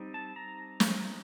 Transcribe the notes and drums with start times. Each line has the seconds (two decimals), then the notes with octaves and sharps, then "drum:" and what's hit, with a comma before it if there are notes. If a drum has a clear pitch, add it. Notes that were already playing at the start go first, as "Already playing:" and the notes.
Already playing: G3 C4 D#4
0.14 A5
0.36 A#5
0.80 drum: snare